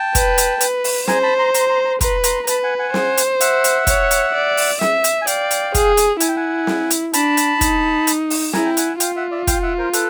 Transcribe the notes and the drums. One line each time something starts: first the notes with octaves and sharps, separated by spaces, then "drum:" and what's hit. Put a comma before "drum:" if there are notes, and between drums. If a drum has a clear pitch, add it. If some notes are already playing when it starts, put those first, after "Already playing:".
Already playing: G5 A5
B4, drum: kick, hi-hat
drum: hi-hat
B4, drum: hi-hat
drum: open hi-hat
C5 G#5 A#5, drum: snare
A5 B5
A#5 C6
A#5 C6, drum: hi-hat
A#5 C6
A#5 C6
B4 A#5 C6, drum: kick, hi-hat
A#5 C6, drum: hi-hat
A#5
B4 A5 B5, drum: hi-hat
F#5 G#5
F#5 G#5
C5, drum: snare
drum: hi-hat
E5 F#5, drum: hi-hat
drum: hi-hat
C#5, drum: kick, hi-hat
drum: hi-hat
D5
drum: open hi-hat
E5, drum: snare
drum: hi-hat
G#5
D5 F5 G5, drum: hi-hat
drum: hi-hat
G#4, drum: kick, hi-hat
drum: hi-hat
E4 G#5, drum: hi-hat
G5
F#5 G#5
drum: snare
drum: hi-hat
D4 A5 B5, drum: hi-hat
drum: hi-hat
D#4, drum: kick, hi-hat
drum: hi-hat
drum: open hi-hat
E4 G#5 A#5, drum: snare
G5
F#5 G#5, drum: hi-hat
F4 F5 G5, drum: hi-hat
E5 F#5
D5 E5
F5 G5, drum: kick, hi-hat
E5 F#5
A#4 C5
A4 B4, drum: hi-hat